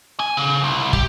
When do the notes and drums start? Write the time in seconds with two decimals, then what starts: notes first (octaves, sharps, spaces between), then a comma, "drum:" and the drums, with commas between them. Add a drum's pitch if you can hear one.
0.20 G#5
0.37 C#3
0.64 C2
0.93 G4, drum: kick